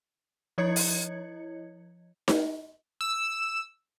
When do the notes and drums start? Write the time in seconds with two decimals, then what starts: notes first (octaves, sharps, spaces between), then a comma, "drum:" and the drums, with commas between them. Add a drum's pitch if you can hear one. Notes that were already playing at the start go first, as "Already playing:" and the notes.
0.58 F3 E4 C#5 D#5 G#6 C#7
0.76 drum: open hi-hat
2.28 drum: snare D#4
3.01 E6